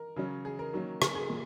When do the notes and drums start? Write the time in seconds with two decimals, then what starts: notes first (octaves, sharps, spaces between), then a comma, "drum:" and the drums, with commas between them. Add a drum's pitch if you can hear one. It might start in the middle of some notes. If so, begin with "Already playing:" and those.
Already playing: A#4
0.16 C#3 F#3 C#4
0.45 G#4
0.59 A#4
0.73 D#3 F#3 A#3 C#4
1.02 G#4, drum: rim click
1.15 G#4
1.30 A#2